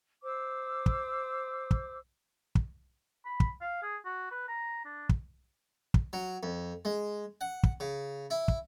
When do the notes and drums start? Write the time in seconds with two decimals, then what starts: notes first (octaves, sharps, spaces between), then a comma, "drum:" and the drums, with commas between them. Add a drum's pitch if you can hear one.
0.22 C5 D6 E6
0.86 drum: kick
1.71 drum: kick
2.55 drum: kick
3.25 B5
3.40 drum: kick
3.61 F5
3.82 G#4
4.05 F#4
4.31 B4
4.48 A#5
4.85 D4
5.09 drum: kick
5.94 drum: kick
6.13 F#3
6.43 F2
6.85 G#3
7.41 F#5
7.63 drum: kick
7.80 C#3
8.30 E4
8.48 drum: kick